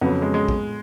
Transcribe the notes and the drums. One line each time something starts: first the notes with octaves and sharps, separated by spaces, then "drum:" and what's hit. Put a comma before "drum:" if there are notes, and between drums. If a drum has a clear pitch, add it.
F2 C#3 F#3 B3
G#3
G#3
drum: kick